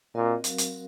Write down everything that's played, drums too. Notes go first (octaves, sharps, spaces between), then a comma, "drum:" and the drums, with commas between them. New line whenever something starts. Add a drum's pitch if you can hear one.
A#2 C4 F#4 A#4 D#5
F#3 C4 F#4 A#4 F5, drum: hi-hat
drum: hi-hat